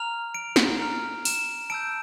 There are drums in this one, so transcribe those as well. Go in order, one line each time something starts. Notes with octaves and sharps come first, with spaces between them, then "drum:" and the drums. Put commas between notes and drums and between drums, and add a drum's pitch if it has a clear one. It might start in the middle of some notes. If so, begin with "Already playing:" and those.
Already playing: A#5 F6 F7
D7
drum: snare
A#5 F6
E7, drum: open hi-hat
A5 E6 G6 D7